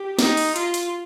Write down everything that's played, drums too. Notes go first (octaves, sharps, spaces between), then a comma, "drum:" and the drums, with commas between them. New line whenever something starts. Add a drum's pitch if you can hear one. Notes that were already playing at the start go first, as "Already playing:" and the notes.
Already playing: G4
D#4, drum: snare
drum: open hi-hat
F4, drum: hi-hat
drum: hi-hat